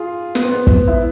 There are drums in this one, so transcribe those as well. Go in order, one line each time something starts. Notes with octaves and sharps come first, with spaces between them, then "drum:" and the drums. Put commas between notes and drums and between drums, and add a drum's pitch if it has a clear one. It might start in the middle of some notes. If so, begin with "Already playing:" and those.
Already playing: F4 G#4
B3, drum: snare
C4
B3
drum: kick
E4